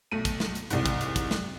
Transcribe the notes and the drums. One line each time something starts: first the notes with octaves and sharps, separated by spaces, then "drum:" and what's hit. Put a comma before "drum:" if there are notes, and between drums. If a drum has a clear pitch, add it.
B1 A3 D#7
drum: kick, hi-hat
drum: snare
drum: hi-hat
C2 G#2, drum: hi-hat
drum: kick, hi-hat
drum: hi-hat
drum: kick, hi-hat
drum: snare